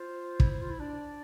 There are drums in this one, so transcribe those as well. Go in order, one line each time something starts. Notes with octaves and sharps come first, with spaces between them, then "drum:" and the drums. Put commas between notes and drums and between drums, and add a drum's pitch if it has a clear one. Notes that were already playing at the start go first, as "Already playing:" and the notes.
Already playing: F4 C5
E4, drum: kick
E4
F4
E4
D4 D5